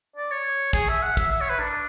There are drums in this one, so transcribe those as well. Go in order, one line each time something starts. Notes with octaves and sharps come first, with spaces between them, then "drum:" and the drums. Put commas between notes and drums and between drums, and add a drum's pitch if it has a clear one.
D5
C#5
G#4, drum: kick
E5
F#5
E5, drum: kick
E5
C#5
B4
D4